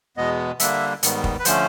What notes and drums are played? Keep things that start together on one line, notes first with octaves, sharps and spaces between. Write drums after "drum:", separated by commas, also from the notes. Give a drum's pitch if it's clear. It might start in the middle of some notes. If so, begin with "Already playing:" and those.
E2 B2 G#3 B3 D#5
D3 G3 A#3 D4 E5, drum: hi-hat
G#2 D#3 G3 B3, drum: hi-hat
drum: kick
B4
D3 F3 A3 C#4 C5, drum: hi-hat